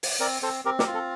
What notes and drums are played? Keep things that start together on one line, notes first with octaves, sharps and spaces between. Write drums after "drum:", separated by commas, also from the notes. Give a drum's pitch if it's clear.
drum: open hi-hat
C4 A#4 D5
C4 A4 C5
C4 G4 A#4
G4 A#4, drum: snare
F4
A4